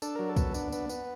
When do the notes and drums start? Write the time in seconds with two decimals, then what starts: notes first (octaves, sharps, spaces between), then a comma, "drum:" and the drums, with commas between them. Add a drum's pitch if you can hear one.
0.02 D4 A4, drum: tambourine
0.15 F#3 A#4
0.29 A4
0.36 B3, drum: kick, tambourine
0.54 D4, drum: tambourine
0.72 B3, drum: tambourine
0.89 B3, drum: tambourine